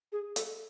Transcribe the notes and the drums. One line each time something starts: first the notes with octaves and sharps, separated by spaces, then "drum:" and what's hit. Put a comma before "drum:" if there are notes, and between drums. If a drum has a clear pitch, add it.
G#4
A4, drum: hi-hat